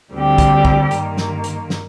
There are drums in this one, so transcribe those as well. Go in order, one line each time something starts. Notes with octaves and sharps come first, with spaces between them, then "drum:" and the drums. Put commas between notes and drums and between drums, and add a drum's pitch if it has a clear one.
D2 D3 G3 C4 G4
drum: kick, hi-hat
drum: kick
G2 D#3 A#3, drum: hi-hat
drum: snare
drum: hi-hat
drum: snare